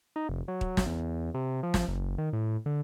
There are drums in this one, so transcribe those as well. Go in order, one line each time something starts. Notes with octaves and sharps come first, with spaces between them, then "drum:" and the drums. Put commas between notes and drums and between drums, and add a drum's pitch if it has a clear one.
D#4
F1
F#3
drum: kick
drum: snare
E2
C3
F3
drum: snare
F#1
D#3
A2
D3